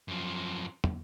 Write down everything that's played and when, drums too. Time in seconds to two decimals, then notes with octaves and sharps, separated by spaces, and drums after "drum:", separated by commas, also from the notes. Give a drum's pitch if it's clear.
0.08 F#2 F3
0.84 drum: tom